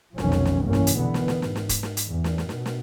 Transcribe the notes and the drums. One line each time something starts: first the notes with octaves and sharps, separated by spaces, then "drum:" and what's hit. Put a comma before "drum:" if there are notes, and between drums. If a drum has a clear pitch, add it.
F1 B1 F2 D#3 F3 C#4, drum: snare
drum: snare
drum: snare
F1 G2 E3 A#3 C#4
drum: snare
drum: hi-hat
B2 D3 E3 B3
drum: snare
drum: snare
G#2, drum: snare
drum: snare
drum: kick E1, hi-hat
drum: snare
drum: hi-hat
E2
drum: snare
drum: snare
B2, drum: snare
drum: snare